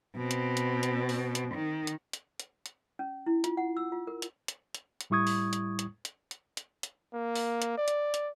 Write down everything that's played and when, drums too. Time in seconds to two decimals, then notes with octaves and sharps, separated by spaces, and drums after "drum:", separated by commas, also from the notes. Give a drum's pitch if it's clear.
0.16 B2 C4
0.31 drum: hi-hat
0.57 drum: hi-hat
0.83 drum: hi-hat
1.09 drum: open hi-hat
1.35 drum: hi-hat
1.54 D#3
1.87 drum: hi-hat
2.13 drum: hi-hat
2.40 drum: hi-hat
2.66 drum: hi-hat
2.99 C#4
3.26 E4
3.44 F4, drum: hi-hat
3.57 F#5
3.77 E6
3.92 F4
4.07 A#4
4.22 drum: hi-hat
4.48 drum: hi-hat
4.74 drum: hi-hat
5.01 drum: hi-hat
5.10 A2 G3 E4 C#6 D#6 G#6
5.27 drum: open hi-hat
5.53 drum: hi-hat
5.79 drum: hi-hat
6.05 drum: hi-hat
6.31 drum: hi-hat
6.57 drum: hi-hat
6.83 drum: hi-hat
7.13 A#3
7.36 drum: open hi-hat
7.62 drum: hi-hat
7.78 D5
7.88 drum: hi-hat
8.14 drum: hi-hat